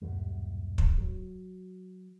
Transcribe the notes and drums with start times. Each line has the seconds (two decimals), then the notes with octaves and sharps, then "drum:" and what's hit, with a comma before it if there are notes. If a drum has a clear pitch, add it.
0.02 D1 F#2 A#2 G3
0.78 drum: kick
0.98 F#3